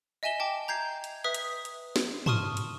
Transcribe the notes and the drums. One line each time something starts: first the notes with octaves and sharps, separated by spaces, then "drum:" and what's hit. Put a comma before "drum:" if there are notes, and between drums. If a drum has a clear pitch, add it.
D#5 E5 G#5 E7 G7
G5 A5 D6
A#5 G6 G#6 C7
drum: hi-hat
B4 E5 D#6 B6
drum: hi-hat
drum: hi-hat
drum: snare
A5 C6 C#6 D#6 F6 D#7, drum: tom
drum: hi-hat